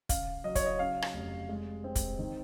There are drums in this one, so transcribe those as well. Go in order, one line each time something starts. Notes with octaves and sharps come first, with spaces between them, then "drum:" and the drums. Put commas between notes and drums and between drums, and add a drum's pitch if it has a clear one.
C#3 F5, drum: kick, hi-hat
F#3 D#5
C#5, drum: kick, hi-hat
D#5
C#3 F5
drum: rim click
F1
G#3
C4
drum: kick, hi-hat
D#3